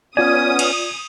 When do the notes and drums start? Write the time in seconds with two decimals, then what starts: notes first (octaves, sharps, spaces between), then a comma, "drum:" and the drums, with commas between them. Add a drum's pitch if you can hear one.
0.17 B3 C#4 F4 D5 G#5 D#6
0.59 drum: cymbal